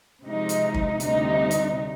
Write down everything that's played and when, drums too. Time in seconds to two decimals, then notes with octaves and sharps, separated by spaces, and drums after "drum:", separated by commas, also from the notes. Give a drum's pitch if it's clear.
0.24 C3 F3 G#3 D#4
0.49 drum: hi-hat
0.74 drum: kick
1.00 D2 C3 G3 D#4, drum: hi-hat
1.51 drum: hi-hat